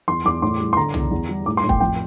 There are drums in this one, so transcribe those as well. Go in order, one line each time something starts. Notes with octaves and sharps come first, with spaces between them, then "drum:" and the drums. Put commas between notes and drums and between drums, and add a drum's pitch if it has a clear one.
E2 C6
E2 D6
A2 C6
G3
C6
D3 A#5
E2, drum: tom
E2
G3
A2 D6
C6
A2
G5, drum: kick
F2 G5